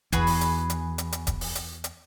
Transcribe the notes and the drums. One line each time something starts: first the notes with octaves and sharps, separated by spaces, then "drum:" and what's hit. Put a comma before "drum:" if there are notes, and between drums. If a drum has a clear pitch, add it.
E2 F#4 G#4 B4, drum: kick D#1, hi-hat
drum: open hi-hat
drum: hi-hat
drum: hi-hat
drum: hi-hat
drum: hi-hat
drum: kick D#1, hi-hat
drum: open hi-hat
drum: hi-hat
drum: hi-hat